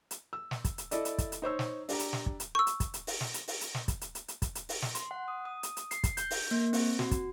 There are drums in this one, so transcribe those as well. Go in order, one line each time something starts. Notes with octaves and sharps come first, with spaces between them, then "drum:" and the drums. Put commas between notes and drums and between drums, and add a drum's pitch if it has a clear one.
drum: hi-hat
E6
drum: snare
drum: kick, hi-hat
drum: hi-hat
E4 A4 D5 D#5, drum: hi-hat
drum: hi-hat
drum: kick, hi-hat
drum: hi-hat
D#4 C5 C#5 E6
drum: snare
D4 G4 A#5, drum: open hi-hat
drum: hi-hat
drum: snare
drum: kick
drum: hi-hat
C#6 E6
drum: hi-hat
drum: kick, hi-hat
drum: hi-hat
drum: open hi-hat
drum: snare
drum: hi-hat
drum: open hi-hat
drum: hi-hat
drum: snare
drum: kick, hi-hat
drum: hi-hat
drum: hi-hat
drum: hi-hat
drum: kick, hi-hat
drum: hi-hat
drum: open hi-hat
drum: snare
C6, drum: hi-hat
F#5
D#6
D#6
drum: hi-hat
drum: hi-hat
C7, drum: hi-hat
drum: kick, hi-hat
G6, drum: hi-hat
drum: open hi-hat
A#3
C4, drum: open hi-hat
F#4, drum: snare
drum: kick, hi-hat